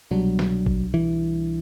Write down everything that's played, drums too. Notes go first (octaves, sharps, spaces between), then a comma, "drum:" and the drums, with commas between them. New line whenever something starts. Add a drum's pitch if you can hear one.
C2 B2 F#3 G3 D4
drum: snare
drum: kick A1
E3